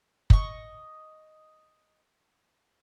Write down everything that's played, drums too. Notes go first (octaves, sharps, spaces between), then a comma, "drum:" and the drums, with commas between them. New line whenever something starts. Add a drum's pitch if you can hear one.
D#5 C#6, drum: kick